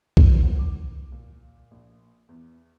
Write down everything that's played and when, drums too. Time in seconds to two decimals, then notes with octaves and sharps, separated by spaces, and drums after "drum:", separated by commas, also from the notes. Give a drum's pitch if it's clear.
0.17 G#4, drum: kick B1
0.43 F#5
0.59 D6
1.12 A#2
1.71 A#1
2.29 E2